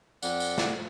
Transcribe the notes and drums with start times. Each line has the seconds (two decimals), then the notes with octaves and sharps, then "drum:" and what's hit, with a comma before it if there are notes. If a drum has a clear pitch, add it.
0.23 F2 D5 F#5, drum: tambourine
0.40 drum: tambourine
0.58 drum: snare